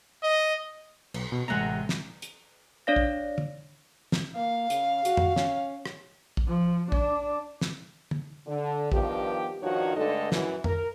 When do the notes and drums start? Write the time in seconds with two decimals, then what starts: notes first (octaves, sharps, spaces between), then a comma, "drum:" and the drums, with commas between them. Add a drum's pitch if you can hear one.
0.23 D#5
1.14 B1, drum: cymbal
1.32 B2
1.48 A1 C3 G#3 F#5 A#5
1.89 drum: snare
2.22 drum: hi-hat
2.87 D4 C#5 D5 F5 A#6
2.96 drum: kick
3.38 drum: tom
4.12 drum: snare
4.36 A#3 F5
4.70 C#3, drum: hi-hat
5.05 F#4, drum: hi-hat
5.17 drum: tom F2
5.36 C#4, drum: snare
5.86 drum: rim click
6.37 drum: kick
6.47 F3
6.92 D4, drum: kick
7.61 drum: snare
8.11 drum: tom
8.47 D3
8.92 G2 D#3 F3 B3 G4, drum: kick
9.62 G2 D#3 F3 D#4 F#4 C#5
9.96 G2 D3 G#3 A3 A4 D#5
10.32 F#2 E3, drum: snare
10.64 A#4, drum: tom F2